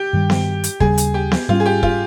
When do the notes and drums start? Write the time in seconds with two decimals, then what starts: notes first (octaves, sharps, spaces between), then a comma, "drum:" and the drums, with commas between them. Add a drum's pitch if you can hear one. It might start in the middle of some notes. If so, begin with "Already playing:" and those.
Already playing: G4
0.13 G2 D#3 G3
0.30 drum: snare B3
0.64 drum: hi-hat
0.80 D#2 C#3 G3 G#4, drum: kick
0.98 drum: hi-hat
1.14 G4
1.32 drum: snare B3
1.48 G#2 G3 C#4 F4
1.60 G#4
1.66 G4
1.83 F4, drum: kick